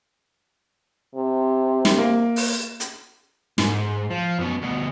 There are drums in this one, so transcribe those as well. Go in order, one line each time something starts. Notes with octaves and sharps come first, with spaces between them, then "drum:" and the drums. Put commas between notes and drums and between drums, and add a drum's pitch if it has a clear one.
C3
drum: snare
A#3
drum: open hi-hat
drum: hi-hat
G#2, drum: snare
F3
F#2 B2
D2 B2